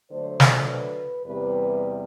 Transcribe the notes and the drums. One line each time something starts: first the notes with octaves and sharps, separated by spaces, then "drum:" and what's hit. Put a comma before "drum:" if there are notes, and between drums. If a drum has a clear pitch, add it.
D3 F#3 A3 C5
drum: snare
B4
E2 C3 G3 B4